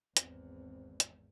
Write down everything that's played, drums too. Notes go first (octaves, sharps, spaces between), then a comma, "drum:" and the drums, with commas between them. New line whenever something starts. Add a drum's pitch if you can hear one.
G#1 E2 C4, drum: hi-hat
drum: hi-hat